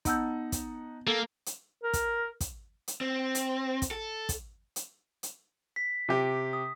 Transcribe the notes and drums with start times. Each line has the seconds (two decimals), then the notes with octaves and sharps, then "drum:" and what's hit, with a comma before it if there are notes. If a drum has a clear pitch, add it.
0.05 B3 D#4 F#5 A5 E6 G6, drum: kick, hi-hat
0.52 drum: kick, hi-hat
1.07 A#3 A4
1.46 drum: hi-hat
1.83 A#4
1.93 drum: kick, hi-hat
2.41 drum: kick, hi-hat
2.88 drum: hi-hat
3.01 C4
3.35 drum: hi-hat
3.82 drum: kick, hi-hat
3.91 A4
4.29 drum: kick, hi-hat
4.76 drum: hi-hat
5.23 drum: hi-hat
5.76 B6
6.09 C3 G4
6.53 D#6